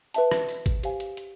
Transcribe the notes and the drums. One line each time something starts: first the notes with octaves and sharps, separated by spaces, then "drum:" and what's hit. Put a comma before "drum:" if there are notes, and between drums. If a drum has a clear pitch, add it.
B4 E5 A5, drum: hi-hat
drum: rim click
drum: open hi-hat
drum: kick G#1, hi-hat
G4 C5 F5 G#5, drum: hi-hat
drum: hi-hat
drum: hi-hat